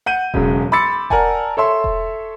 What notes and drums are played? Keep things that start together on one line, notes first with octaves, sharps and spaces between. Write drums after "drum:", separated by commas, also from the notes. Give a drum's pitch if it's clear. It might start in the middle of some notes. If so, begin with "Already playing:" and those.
F#5 G6 D#7
E1 C#3 F#3 G#3, drum: kick E1
B5 C6 D6 E6 A6 C#7
A#4 D5 F#5 G#5 A5, drum: kick E1
A4 C#5 E5 C6
drum: kick E1